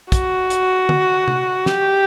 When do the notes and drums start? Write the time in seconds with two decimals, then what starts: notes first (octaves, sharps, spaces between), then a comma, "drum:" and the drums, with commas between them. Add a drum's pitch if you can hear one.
0.12 F#4, drum: kick, hi-hat
0.50 drum: hi-hat
0.89 drum: tom D3
1.28 drum: tom C3
1.66 G4, drum: snare